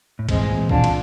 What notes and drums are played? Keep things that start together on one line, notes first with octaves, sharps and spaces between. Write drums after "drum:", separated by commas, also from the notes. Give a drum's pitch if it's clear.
A2
G#2 E3 G#3 C4, drum: kick C2, cymbal
A#2
B2 D4 F4, drum: kick C2
drum: cymbal